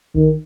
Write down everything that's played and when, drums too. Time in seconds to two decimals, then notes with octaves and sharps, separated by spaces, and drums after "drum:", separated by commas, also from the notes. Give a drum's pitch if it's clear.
0.15 D#3, drum: kick A#1